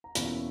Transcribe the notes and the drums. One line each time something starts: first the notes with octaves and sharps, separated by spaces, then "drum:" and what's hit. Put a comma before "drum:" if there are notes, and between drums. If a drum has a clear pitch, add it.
A#5
E2 B2 A#3 C#4 E4 B5, drum: hi-hat